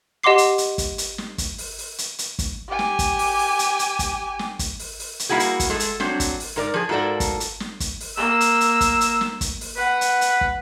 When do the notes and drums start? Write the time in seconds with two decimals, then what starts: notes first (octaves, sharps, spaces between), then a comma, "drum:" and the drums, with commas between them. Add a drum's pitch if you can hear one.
0.23 G4 D#5 F#5 C6 D6 C7
0.38 drum: hi-hat
0.58 drum: hi-hat
0.78 drum: kick, hi-hat
0.98 drum: hi-hat
1.18 drum: snare
1.38 drum: kick, hi-hat
1.58 drum: open hi-hat
1.78 drum: open hi-hat
1.98 drum: hi-hat
2.19 drum: hi-hat
2.39 drum: kick, hi-hat
2.69 G4 G#5
2.79 drum: snare
2.99 drum: kick, hi-hat
3.19 drum: open hi-hat
3.39 drum: open hi-hat
3.59 drum: hi-hat
3.79 drum: hi-hat
3.99 drum: kick, hi-hat
4.39 drum: snare
4.59 drum: kick, hi-hat
4.79 drum: open hi-hat
4.99 drum: open hi-hat
5.19 drum: hi-hat
5.29 G3 A#3 E4 F#4 G#4
5.40 drum: hi-hat
5.60 drum: kick, hi-hat
5.70 G#3 G#4 A4
5.80 drum: hi-hat
6.00 F#3 C4 D4, drum: snare
6.20 drum: kick, hi-hat
6.40 drum: open hi-hat
6.56 G#2 A#4 D5
6.74 F3 G#4
6.89 G#2 F4 F#4 A4 A#4 D5
7.20 drum: kick, hi-hat
7.40 drum: hi-hat
7.60 drum: snare
7.80 drum: kick, hi-hat
8.00 drum: open hi-hat
8.17 A#3 E6
8.41 drum: hi-hat
8.61 drum: hi-hat
8.81 drum: kick, hi-hat
9.01 drum: hi-hat
9.21 drum: snare
9.41 drum: kick, hi-hat
9.61 drum: open hi-hat
9.77 B4 F#5
10.01 drum: hi-hat
10.21 drum: hi-hat
10.41 drum: kick